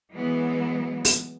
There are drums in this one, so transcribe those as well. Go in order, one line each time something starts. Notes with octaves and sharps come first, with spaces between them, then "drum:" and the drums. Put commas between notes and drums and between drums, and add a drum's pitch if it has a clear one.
E3 F#3 G#3 B3
drum: open hi-hat